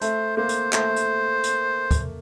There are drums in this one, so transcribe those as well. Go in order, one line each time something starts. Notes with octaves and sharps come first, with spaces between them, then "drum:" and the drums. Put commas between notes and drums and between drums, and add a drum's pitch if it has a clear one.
A3 C5, drum: hi-hat
A#3 C5
drum: hi-hat
A3 C5, drum: clap
drum: hi-hat
drum: hi-hat
drum: kick, hi-hat